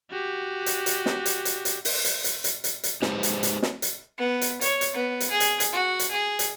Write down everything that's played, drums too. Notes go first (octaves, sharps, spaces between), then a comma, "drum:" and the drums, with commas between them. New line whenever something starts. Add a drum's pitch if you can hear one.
F#4 G4
drum: hi-hat
drum: hi-hat
drum: snare
drum: hi-hat
drum: hi-hat
drum: hi-hat
drum: open hi-hat
drum: hi-hat
drum: hi-hat
drum: hi-hat
drum: hi-hat
drum: hi-hat
G#3 D#4 G4 G#4 B4 C5, drum: snare
drum: hi-hat
drum: hi-hat
drum: snare
drum: hi-hat
B3
drum: hi-hat
C#5, drum: hi-hat
drum: hi-hat
B3
drum: hi-hat
G#4
drum: hi-hat
drum: hi-hat
F#4
drum: hi-hat
G#4
drum: hi-hat